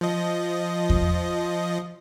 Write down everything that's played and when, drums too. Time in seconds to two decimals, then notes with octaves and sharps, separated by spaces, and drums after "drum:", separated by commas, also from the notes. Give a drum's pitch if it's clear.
0.01 F3 D#5
0.90 drum: kick E2